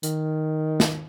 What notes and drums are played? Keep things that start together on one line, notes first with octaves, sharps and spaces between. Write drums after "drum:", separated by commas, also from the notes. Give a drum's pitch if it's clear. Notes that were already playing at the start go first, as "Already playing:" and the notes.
D#3, drum: hi-hat
drum: snare